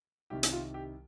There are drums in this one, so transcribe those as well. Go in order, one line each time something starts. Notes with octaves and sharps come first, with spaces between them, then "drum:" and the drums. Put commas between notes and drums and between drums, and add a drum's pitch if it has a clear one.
C2 C3 D#3 G4
drum: hi-hat
F4
G4